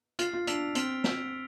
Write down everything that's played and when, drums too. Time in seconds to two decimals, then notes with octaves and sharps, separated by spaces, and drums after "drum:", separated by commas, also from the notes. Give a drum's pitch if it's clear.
0.19 F4 F6 A6 C7, drum: hi-hat
0.33 F4
0.47 D4 E6 B6 D7 F7, drum: hi-hat
0.75 C4 F6 B6 D7 G7, drum: hi-hat
1.04 E6 B6 D7 F7, drum: snare